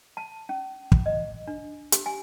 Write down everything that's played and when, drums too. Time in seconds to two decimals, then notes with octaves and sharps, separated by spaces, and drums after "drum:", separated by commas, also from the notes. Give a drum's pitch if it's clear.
0.17 A5
0.49 C#4
0.92 drum: kick
1.06 D#5
1.47 D4
1.92 G4, drum: hi-hat
2.06 G#5